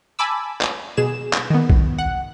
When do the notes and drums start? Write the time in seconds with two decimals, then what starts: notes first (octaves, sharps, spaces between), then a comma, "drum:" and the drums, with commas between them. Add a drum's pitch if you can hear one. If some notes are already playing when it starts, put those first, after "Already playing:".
0.19 G#5 A5 B5 D6 E6
0.61 drum: clap
0.97 B2 G#4 E7
1.33 drum: clap
1.50 D#3 B3
1.70 drum: kick A#1
1.98 F#5